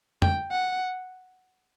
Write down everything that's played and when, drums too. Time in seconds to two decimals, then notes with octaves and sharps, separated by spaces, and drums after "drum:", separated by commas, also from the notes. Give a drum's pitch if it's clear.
0.22 G5, drum: tom F2
0.52 F#5